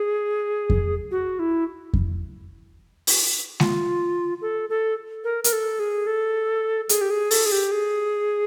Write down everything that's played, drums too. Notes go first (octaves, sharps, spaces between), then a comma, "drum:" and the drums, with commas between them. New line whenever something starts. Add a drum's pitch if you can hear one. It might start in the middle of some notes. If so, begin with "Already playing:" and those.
Already playing: G#4
drum: kick F2
F#4
E4
drum: kick F2
drum: open hi-hat
F4, drum: snare G#3
A4
A4
A#4
A#4, drum: hi-hat
A4
G#4
A4
G#4, drum: hi-hat
G4
G#4
A4, drum: open hi-hat
G#4
G4
G#4